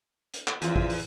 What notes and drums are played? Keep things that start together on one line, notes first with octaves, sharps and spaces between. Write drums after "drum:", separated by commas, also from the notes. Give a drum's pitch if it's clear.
drum: hi-hat
drum: clap
E2 F3 C#4 F4, drum: hi-hat
drum: kick
drum: open hi-hat